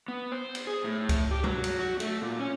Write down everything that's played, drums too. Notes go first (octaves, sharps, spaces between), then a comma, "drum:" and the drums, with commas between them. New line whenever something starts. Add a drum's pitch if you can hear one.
B3
C5
drum: cymbal
G#4
A2
drum: kick C#2, cymbal
G4
F#3, drum: tom
drum: cymbal
F#4
A3, drum: cymbal
A#2
C#4